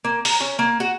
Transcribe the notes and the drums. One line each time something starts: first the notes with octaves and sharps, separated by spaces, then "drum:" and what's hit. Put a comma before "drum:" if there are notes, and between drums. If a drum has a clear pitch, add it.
A#3
A#5, drum: open hi-hat
C#4
A#3
F#4